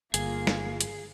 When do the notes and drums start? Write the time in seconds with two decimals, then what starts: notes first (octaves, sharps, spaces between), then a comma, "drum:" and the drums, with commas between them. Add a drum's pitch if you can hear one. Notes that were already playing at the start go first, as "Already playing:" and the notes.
0.14 G1 A#3 F4 G#4, drum: hi-hat
0.47 drum: snare
0.81 drum: hi-hat